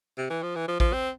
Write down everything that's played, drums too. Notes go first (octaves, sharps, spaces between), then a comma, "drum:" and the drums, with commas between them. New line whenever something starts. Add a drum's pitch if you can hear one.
C3
E3
F3
E3
F3
F3, drum: kick A1
C4